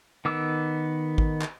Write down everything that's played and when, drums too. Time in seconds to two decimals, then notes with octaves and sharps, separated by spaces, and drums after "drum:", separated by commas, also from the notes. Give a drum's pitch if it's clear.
0.25 D#3 B3 D6 E6
1.18 drum: kick G#1
1.41 drum: clap